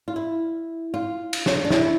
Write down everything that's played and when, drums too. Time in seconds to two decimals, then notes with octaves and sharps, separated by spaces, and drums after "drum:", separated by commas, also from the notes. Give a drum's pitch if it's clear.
0.08 F4
0.16 E4
0.94 F4
1.33 drum: cymbal
1.46 drum: snare
1.65 D4
1.70 E4, drum: snare